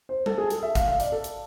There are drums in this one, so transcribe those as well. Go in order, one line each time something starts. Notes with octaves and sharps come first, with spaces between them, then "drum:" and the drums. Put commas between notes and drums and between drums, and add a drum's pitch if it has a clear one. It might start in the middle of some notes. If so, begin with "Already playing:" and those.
C5
A4, drum: tom G3
G#4
A4, drum: hi-hat
E5
F5, drum: kick G#1, hi-hat
F5
D5, drum: hi-hat
A4
drum: hi-hat